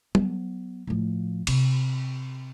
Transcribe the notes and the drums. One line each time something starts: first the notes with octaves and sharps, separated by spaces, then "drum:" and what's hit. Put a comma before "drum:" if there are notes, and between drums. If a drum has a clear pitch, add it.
F#3 B3, drum: tom
A2 F3
C3 C4, drum: cymbal